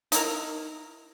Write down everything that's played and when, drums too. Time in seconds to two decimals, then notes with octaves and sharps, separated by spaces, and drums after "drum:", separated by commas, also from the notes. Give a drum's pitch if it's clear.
0.12 D#4 E4 A#4, drum: hi-hat